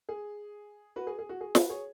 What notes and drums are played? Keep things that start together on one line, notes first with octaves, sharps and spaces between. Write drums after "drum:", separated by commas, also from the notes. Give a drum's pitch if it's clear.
G#4
F#4 B4
G#4
G#4
F#4
G#4
F#4 B4, drum: snare
G#4 C#5